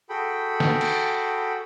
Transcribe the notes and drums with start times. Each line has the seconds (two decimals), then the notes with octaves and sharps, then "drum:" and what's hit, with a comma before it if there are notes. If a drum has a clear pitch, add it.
0.09 F#4 G#4 A4 G5 B5
0.60 drum: snare
0.81 drum: cymbal